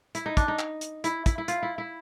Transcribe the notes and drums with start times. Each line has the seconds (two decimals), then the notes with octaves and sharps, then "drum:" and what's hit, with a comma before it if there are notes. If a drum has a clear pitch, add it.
0.15 E4, drum: hi-hat
0.26 D#4
0.37 D4, drum: kick, hi-hat
0.48 D#4
0.59 drum: clap
0.81 drum: hi-hat
1.04 E4, drum: hi-hat
1.26 E4, drum: kick, hi-hat
1.38 E4
1.48 F4, drum: hi-hat
1.63 E4
1.78 E4